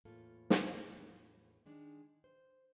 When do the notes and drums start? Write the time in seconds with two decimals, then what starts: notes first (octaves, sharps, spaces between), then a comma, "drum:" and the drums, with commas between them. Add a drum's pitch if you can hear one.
0.05 E2 A2 A#3 F4 A4
0.50 drum: snare
1.66 D#3 G#3 D4 D#4
2.24 C5